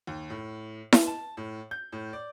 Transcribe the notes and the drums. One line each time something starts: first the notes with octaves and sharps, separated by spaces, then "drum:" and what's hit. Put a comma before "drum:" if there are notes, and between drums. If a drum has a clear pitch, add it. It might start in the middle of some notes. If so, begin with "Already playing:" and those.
D#2
A2
drum: snare E4
A5
A2
G6
A2
D5